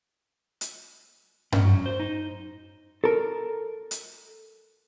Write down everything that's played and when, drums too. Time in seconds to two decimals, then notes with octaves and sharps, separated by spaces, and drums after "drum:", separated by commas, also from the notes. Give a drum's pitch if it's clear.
0.61 drum: hi-hat
1.52 C#4, drum: tom G2
1.65 F#3
1.86 C5
2.00 D#4
3.04 A4 A#4
3.91 drum: hi-hat